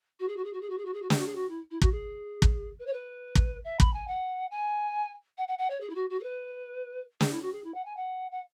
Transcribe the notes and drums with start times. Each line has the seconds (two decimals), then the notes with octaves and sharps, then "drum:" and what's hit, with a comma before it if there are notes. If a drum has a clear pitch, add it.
0.20 F#4
0.28 G#4
0.37 F#4
0.44 G#4
0.53 F#4
0.61 G#4
0.70 F#4
0.78 G#4
0.85 F#4
0.94 G#4
1.02 F#4
1.10 G#4, drum: snare
1.19 F#4
1.27 G#4
1.35 F#4
1.50 E4
1.71 E4
1.82 F#4, drum: kick
1.92 G#4
2.42 drum: kick
2.79 B4
2.87 C#5
2.93 B4
3.35 drum: kick
3.65 E5
3.80 B5, drum: kick
3.94 G#5
4.08 F#5
4.51 G#5
5.38 F#5
5.48 F#5
5.58 F#5
5.70 C#5
5.81 G#4
5.90 E4
5.95 F#4
6.10 F#4
6.20 G#4
6.23 B4
7.21 G#4, drum: snare
7.32 E4
7.42 F#4
7.53 G#4
7.64 E4
7.74 F#5
7.85 G#5
7.97 F#5
8.32 F#5